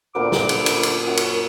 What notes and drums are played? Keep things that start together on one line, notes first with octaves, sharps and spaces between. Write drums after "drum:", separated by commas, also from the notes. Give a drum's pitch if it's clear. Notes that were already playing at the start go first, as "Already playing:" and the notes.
D2 A#2 B3 A#4 D6
drum: snare
drum: cymbal
drum: cymbal
drum: cymbal
F#2 F#4
drum: cymbal